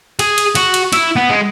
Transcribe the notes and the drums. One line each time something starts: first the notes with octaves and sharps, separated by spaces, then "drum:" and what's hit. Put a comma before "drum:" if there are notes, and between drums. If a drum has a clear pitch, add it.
G#4, drum: cymbal
drum: cymbal
F#4, drum: cymbal
drum: cymbal
E4, drum: cymbal
B3
G#3